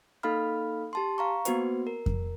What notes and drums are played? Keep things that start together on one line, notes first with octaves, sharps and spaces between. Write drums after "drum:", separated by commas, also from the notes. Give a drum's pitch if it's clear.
A#3 D#4 A4 F5 B5 F6
G4 A5 C6
F5 A#5 C#6
A#3 B3 F#4 B4 C5, drum: hi-hat
A#4
drum: kick F2